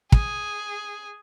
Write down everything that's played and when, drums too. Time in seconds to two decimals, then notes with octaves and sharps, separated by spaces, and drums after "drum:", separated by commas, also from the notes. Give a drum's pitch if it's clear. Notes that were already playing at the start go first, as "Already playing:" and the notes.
0.12 G#4, drum: kick